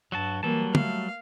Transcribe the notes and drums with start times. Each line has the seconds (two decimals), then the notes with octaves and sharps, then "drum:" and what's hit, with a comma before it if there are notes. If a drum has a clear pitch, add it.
0.12 G2 F#3 F#4 A5
0.43 E3 F#3 G3 A#3 A5
0.75 A3 F5, drum: tom